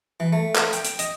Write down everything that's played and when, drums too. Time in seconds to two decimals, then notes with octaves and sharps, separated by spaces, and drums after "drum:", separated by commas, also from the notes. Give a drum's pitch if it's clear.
0.20 E3
0.33 A3
0.56 drum: clap
0.73 G5, drum: hi-hat
0.85 drum: hi-hat
0.99 D#5, drum: hi-hat